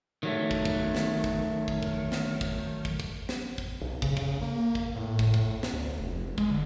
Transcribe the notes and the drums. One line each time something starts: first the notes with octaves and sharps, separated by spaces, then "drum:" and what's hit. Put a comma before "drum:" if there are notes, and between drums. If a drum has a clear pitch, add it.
D#3 F#3 A3
drum: kick
drum: kick
drum: snare
drum: kick
drum: kick
drum: kick
drum: snare
drum: kick
drum: kick
drum: kick
drum: snare
drum: kick
B1
C#3, drum: kick
drum: kick
A#3
drum: kick
A2
drum: kick
drum: kick
drum: snare
D2
F1
G#3, drum: kick
D3